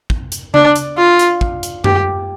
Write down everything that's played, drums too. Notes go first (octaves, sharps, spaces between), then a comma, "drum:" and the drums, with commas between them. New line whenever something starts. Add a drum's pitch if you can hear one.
drum: kick
drum: hi-hat
D4, drum: tom C#3
drum: hi-hat
F4
drum: hi-hat
drum: kick
drum: hi-hat
G4, drum: tom F#2